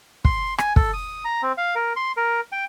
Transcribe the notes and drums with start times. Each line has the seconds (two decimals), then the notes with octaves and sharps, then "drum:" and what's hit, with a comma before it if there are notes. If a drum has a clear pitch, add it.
0.25 C6, drum: kick
0.58 G#5, drum: rim click
0.76 A4, drum: kick
0.93 D#6
1.25 A#5
1.43 C4
1.58 F5
1.75 A#4
1.96 C6
2.17 A#4
2.52 G5